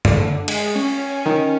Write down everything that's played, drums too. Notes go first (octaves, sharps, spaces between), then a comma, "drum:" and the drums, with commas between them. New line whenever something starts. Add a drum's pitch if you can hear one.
D3, drum: tom
G#3, drum: cymbal
C#4
D#3